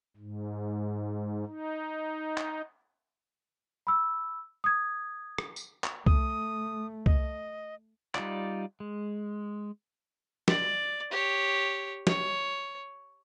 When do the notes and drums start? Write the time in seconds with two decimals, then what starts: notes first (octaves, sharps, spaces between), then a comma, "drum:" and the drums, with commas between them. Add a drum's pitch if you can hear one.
0.17 G#2
1.46 D#4
2.38 drum: clap
3.87 B5 E6
4.64 D#6 G#6
5.38 drum: rim click
5.56 drum: tambourine
5.84 drum: clap
6.06 A3 D#6, drum: kick
7.06 D#5, drum: kick
8.15 G3 D#4 F4 D5, drum: clap
8.80 G#3
10.48 D5, drum: snare
11.11 G4 C#5
12.07 C#5, drum: snare